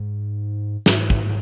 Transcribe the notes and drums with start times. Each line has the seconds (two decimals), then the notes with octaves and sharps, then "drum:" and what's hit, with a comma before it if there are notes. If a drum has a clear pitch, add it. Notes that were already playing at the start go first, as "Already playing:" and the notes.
Already playing: G#2
0.86 G#2, drum: snare
1.10 drum: kick